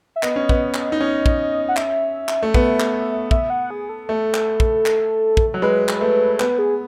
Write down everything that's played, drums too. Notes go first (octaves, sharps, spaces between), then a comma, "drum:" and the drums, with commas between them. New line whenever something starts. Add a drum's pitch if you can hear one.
E5
B3 D#5, drum: clap
C#4
B3, drum: kick
drum: clap
D#4
C#4
drum: kick
F#5
E5, drum: clap
drum: clap
A3
B3, drum: kick
drum: clap
E5, drum: kick
F#5
G#4
A4
A3
drum: clap
drum: kick
drum: clap
drum: kick
F#3
G#3 B4
drum: clap
A3
B3 B4, drum: clap
G#4